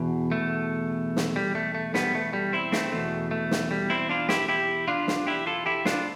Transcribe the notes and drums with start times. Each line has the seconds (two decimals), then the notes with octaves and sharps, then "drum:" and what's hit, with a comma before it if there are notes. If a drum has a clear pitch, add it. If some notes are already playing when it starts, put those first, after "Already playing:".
Already playing: E2 B2
0.32 A3
1.16 drum: snare
1.36 G3
1.55 A3
1.75 A3
1.94 G3 B3, drum: snare
2.15 A3
2.33 G3
2.53 C4 E4
2.72 A3 C4, drum: snare
2.92 E2 B2 A3
3.31 A3
3.51 drum: snare
3.71 G3
3.90 C4 E4
4.09 D4 F4
4.29 E4 G4, drum: snare
4.49 E4 G4
4.88 D4 F4
5.08 drum: snare
5.27 E4 G4
5.46 F4 A4
5.66 E4 G4
5.85 D4 F4, drum: snare